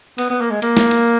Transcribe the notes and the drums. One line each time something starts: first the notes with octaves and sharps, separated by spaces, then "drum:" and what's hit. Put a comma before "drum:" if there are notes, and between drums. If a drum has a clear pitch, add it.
B3, drum: cymbal
B3
A#3
G#3
A#3, drum: cymbal
drum: snare
drum: cymbal